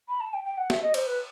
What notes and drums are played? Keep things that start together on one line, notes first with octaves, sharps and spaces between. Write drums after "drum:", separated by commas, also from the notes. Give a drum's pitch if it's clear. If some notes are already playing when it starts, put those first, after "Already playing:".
B5
A5
G5
G5
F#5
E5, drum: snare
D#5
C5, drum: cymbal
B4